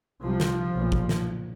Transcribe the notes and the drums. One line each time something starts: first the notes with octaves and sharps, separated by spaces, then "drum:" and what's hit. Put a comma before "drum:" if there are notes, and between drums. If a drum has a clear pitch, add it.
C2 C3 F3
drum: snare
B1 A#2
drum: kick
drum: snare